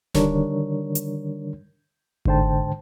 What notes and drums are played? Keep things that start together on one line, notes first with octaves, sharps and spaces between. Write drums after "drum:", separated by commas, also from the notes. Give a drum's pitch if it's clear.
D3 D#3 G3 D4 A#4 C#5, drum: snare D1
drum: hi-hat
C2 G#2 D3 C5 G5 A5, drum: kick G1